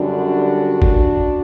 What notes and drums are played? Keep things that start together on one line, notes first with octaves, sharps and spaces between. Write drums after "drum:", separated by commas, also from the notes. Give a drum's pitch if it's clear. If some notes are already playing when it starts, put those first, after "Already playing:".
Already playing: F#2 D3 G3 D4 F#4
drum: kick G#1